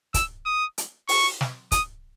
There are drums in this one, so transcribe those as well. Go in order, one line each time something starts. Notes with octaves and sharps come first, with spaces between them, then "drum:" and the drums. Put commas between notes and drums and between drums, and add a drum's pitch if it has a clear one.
E6, drum: kick, hi-hat
D#6
drum: hi-hat
C#6, drum: open hi-hat
drum: snare
D#6, drum: kick, hi-hat